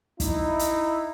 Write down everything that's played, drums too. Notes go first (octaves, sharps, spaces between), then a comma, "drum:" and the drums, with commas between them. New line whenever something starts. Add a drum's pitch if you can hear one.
D#4 E4, drum: kick, hi-hat
drum: hi-hat